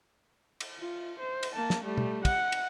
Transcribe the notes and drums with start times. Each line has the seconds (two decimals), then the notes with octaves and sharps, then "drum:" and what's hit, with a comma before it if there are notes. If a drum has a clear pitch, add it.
0.60 drum: cymbal
0.78 F4
1.19 C5
1.43 drum: cymbal
1.55 A#3 A5
1.70 drum: snare
1.84 G3 A3
1.98 drum: tom B2
2.25 F#5, drum: kick, cymbal
2.52 drum: cymbal